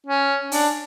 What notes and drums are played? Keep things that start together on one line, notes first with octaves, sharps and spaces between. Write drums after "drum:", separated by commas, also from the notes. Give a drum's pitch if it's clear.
C#4
D4, drum: open hi-hat